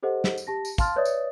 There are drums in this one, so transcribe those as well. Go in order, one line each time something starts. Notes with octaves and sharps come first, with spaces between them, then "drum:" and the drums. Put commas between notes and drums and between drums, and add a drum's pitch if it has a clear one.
G4 A4 C5 D#5 F#5
drum: snare
drum: tambourine
G4 A5 A#6
drum: tambourine
F5 A5 C6 F6 A6, drum: kick, tambourine
B4 C#5 D5 E5 D#6 A6
drum: tambourine